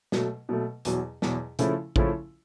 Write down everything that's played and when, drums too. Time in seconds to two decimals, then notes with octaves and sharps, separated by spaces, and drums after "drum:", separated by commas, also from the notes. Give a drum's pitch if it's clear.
0.12 B2 F#3 A3, drum: snare
0.49 B2 F#3 A3
0.85 E2 B2 F#3, drum: hi-hat
1.22 E2 B2 F#3, drum: snare
1.59 C#3 F3 A3 C#4 E4, drum: hi-hat
1.96 C#3 F3 A3 C#4 E4, drum: kick A1